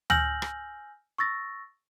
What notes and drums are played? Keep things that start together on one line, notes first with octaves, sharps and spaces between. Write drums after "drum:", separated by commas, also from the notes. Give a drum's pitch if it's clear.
G#5 E6 F6 G6 A#6 F#7, drum: tom D2
drum: rim click
C#6 E6 A6 A#6